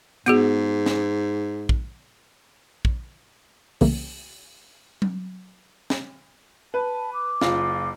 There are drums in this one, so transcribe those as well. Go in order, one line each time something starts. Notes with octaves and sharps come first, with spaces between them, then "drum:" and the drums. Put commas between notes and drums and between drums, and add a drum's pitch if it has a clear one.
G#2 B3 F#4 G#4, drum: hi-hat
drum: snare
drum: kick
drum: kick
C2 C#3 E3 G3 A3 A#3, drum: open hi-hat
drum: tom F#3
drum: snare
B4 A5
D6
F#1 F4, drum: snare